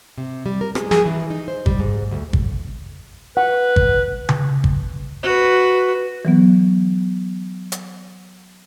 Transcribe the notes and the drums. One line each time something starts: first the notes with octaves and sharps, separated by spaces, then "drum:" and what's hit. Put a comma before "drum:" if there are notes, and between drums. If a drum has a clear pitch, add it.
C3
G3
A#4
G#3, drum: rim click
G#4, drum: snare
E3
D#4
C5
G3, drum: kick
G#2
D2
drum: kick
B4 F#5
drum: kick
drum: tom C#3
drum: kick
F#4 B4
E3 F#3 B3
drum: hi-hat